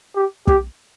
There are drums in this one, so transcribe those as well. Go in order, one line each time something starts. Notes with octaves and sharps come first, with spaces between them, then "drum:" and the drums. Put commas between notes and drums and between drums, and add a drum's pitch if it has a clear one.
G4
G4, drum: kick